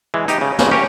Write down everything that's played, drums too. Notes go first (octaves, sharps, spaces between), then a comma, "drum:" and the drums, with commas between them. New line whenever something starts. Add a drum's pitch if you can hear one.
E3 G#3
D#4 G4, drum: hi-hat
C#3
G2 A#2 C#3, drum: snare
C#4 G4 A#4 C#5